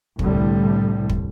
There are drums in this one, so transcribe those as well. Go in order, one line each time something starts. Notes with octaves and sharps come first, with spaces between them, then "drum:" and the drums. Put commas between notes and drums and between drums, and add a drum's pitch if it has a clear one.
C2 A2 D3 G3, drum: kick
drum: kick